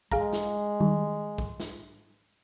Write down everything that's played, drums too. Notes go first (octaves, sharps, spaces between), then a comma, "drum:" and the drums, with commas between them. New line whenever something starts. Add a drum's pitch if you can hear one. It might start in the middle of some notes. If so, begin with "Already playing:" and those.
G#3 G#4 F5 A#5, drum: kick
drum: snare
D#3 G3
drum: kick
drum: snare